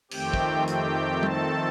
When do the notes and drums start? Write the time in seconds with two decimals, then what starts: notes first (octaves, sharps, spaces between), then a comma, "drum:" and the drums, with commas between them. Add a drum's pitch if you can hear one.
0.11 F2 D#3 A3 C4 G4 G5, drum: cymbal
0.34 drum: kick
0.68 G4 G5, drum: hi-hat
1.23 A4 A5, drum: tom G3